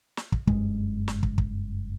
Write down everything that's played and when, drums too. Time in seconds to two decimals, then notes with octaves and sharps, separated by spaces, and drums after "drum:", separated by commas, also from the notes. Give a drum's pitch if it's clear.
0.17 drum: snare
0.32 drum: kick
0.47 F#1 G2 G#3, drum: kick
1.08 drum: snare
1.23 drum: kick
1.38 drum: kick